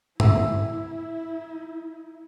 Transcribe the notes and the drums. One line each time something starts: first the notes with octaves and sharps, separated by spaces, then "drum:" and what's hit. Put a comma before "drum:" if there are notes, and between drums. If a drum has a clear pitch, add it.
E4 E5 E6, drum: tom G2